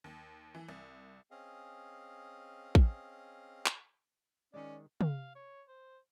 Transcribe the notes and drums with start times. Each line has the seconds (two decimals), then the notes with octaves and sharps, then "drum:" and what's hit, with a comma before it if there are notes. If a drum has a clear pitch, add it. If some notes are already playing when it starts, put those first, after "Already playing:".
0.04 D#2
0.55 E3
0.69 C2
1.31 C4 C#4 G#4 D#5 F5
2.75 drum: kick
3.66 drum: clap
4.54 D#3 G#3 C#4 D5
5.01 F5, drum: tom
5.35 C#5
5.68 C5